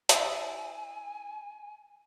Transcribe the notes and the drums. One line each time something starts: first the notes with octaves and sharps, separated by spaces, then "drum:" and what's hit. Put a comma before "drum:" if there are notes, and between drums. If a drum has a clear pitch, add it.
E4 G#5 D#6, drum: hi-hat